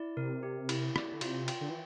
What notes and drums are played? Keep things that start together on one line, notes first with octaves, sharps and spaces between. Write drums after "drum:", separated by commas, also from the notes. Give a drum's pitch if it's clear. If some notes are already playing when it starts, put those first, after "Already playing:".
Already playing: E4 D5
C3 A#4
G4
E4, drum: cymbal
D5, drum: rim click
D3
C3 F4, drum: cymbal
G5, drum: cymbal
D3
E3